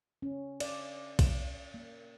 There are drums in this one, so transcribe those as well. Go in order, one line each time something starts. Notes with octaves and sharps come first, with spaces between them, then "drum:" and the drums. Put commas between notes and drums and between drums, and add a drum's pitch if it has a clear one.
C#4
D5, drum: cymbal
drum: kick B1, cymbal
A#3